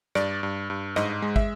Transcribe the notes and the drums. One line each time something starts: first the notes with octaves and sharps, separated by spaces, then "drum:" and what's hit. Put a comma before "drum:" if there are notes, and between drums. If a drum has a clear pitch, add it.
G2 D5, drum: rim click
G2
G2
G#2 D#5, drum: rim click
G#3
E5, drum: kick